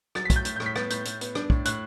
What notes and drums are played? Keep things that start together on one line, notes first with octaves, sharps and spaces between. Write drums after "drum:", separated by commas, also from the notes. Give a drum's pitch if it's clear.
F#3 A6, drum: rim click
B6
A2, drum: kick, hi-hat
G6
A2, drum: hi-hat
G6
A2, drum: rim click
B6
B3 A6, drum: rim click
A2 G6, drum: hi-hat
A2, drum: hi-hat
B3, drum: hi-hat
D4, drum: rim click
A2, drum: kick
A2 F#6, drum: hi-hat